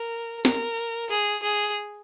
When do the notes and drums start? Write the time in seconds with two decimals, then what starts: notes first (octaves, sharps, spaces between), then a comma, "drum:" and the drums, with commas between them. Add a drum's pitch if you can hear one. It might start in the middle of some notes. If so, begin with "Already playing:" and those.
Already playing: A#4
0.45 A#4, drum: snare
0.77 drum: open hi-hat
1.10 G#4, drum: hi-hat
1.43 G#4